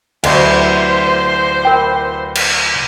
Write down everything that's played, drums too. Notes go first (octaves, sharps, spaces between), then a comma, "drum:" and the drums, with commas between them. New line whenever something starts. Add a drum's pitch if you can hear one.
D2 C3 E3 F#3 F#4 C5 D#5, drum: cymbal
F4 A#4 B4 G5
drum: cymbal